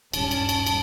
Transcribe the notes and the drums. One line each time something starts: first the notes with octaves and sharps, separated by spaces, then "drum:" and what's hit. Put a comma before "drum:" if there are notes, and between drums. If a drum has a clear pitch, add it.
D#1 G2 G3 C#4 A5, drum: cymbal
drum: cymbal
drum: cymbal
drum: cymbal